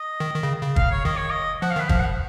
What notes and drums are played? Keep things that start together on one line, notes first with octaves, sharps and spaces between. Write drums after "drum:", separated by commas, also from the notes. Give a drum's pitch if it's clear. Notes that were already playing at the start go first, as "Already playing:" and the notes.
Already playing: D#5
D#3
D#3
C#3
C#3
F5, drum: kick
C#5
D#3 D#5
C#5
D#5
F3 F#5
F5
D#3 B4
F3 F5, drum: kick
F#5